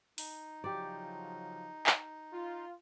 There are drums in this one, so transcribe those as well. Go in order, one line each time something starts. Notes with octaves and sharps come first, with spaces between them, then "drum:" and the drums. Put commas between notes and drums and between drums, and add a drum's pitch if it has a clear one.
D#4, drum: open hi-hat
C#3 F3 F#3 G4 D5
drum: clap
F4